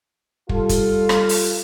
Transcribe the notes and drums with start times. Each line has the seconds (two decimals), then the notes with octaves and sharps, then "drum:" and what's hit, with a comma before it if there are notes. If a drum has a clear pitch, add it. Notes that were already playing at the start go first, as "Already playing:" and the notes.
0.49 G3 F4 A4, drum: kick
0.69 drum: kick, hi-hat
1.09 drum: rim click
1.29 drum: open hi-hat